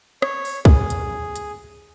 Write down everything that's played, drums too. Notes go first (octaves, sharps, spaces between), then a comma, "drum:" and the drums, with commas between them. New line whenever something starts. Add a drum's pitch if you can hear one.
C#5, drum: rim click
drum: open hi-hat
G#4, drum: kick
drum: hi-hat
drum: hi-hat